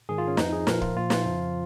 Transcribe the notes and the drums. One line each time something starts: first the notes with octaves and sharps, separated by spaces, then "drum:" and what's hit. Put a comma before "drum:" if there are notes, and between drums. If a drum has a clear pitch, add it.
G#2 D#3 G#4
F4
C#4
F2 F3 D#4, drum: snare
G#4
A#2 F3 A#4, drum: snare
F4, drum: kick
A#2 F3 F4
F4, drum: snare
F2 C#3 F3